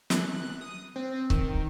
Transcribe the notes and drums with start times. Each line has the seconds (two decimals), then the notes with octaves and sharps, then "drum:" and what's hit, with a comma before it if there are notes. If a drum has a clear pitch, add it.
0.10 F#6, drum: snare
0.61 D#6
0.96 C4
1.30 D#3, drum: kick C#1